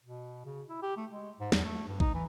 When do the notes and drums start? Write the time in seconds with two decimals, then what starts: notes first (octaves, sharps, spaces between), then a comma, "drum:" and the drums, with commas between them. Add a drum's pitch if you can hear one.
0.04 B2
0.46 C#3
0.69 E4
0.82 G4
0.97 A3
1.10 G#3
1.40 G#2
1.52 E2, drum: snare
1.65 A3
1.88 G2
2.00 D#4, drum: kick A1
2.14 E3